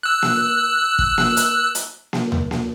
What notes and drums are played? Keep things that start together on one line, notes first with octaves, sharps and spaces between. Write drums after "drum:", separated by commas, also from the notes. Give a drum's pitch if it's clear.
E6 F#6
drum: snare A#3
drum: kick
drum: snare A#3
drum: hi-hat
drum: hi-hat
drum: snare A#3
drum: tom D#2
drum: snare A#3